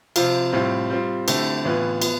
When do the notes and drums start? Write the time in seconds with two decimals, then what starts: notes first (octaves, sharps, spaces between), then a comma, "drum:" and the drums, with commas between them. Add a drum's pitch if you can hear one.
0.16 C3 F3 C4 F4, drum: cymbal
0.53 A2 G3 C4 F4
0.90 G3 C4 F4
1.28 D3 A3 C4 E4 G4, drum: cymbal
1.65 A2 E3 B3 F4
2.02 F3 B3, drum: cymbal